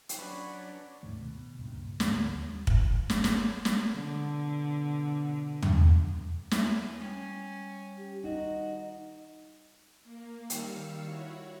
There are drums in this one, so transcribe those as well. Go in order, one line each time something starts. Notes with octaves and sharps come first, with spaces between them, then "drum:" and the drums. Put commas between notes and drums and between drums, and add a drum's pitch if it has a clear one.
drum: hi-hat
F#3 C#4 D4 F#4 B4 C#5 D5
D2 G#2 D#3 A3
B2
C#2 G2 A#2
G#1 D2 D3 E3, drum: snare
D#2 G3
G2 E3, drum: kick
drum: snare
drum: snare
drum: snare
B2 D3
drum: tom
E3, drum: snare
G3 C#4
G4
D#4 F#4 D#5
A#3
D#3 G3 F5 E6 C#7, drum: hi-hat
E4 F#4 C#5